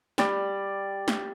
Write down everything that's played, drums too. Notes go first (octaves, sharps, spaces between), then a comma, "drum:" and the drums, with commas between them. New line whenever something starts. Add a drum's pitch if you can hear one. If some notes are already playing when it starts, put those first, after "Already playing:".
G3 D5, drum: snare
drum: snare